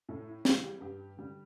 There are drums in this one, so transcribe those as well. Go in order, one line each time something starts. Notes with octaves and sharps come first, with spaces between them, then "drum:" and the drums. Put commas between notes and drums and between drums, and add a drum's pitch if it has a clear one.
A2 A4
E4
E3 G3 G4, drum: snare
G4
G2 G4
D3 G3